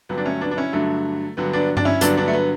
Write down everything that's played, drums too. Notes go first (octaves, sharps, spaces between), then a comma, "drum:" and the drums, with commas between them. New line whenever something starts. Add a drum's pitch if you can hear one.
G2 D3 F#3 B3
D4
A3 C#4
B3 D4
D4
C#4 E4
G2 D3 F#3 A3
G2 D3 F#3 B3
B3 D4
D4, drum: tom G2
C#4 E4
G2 D3 F#3 B3 D4, drum: hi-hat
B3 D4
A3
B3